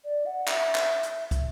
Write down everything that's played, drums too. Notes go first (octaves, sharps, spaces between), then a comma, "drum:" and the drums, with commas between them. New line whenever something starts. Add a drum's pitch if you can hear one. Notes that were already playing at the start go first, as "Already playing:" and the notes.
D5
F#5
E5, drum: clap
drum: clap
drum: hi-hat
drum: kick, hi-hat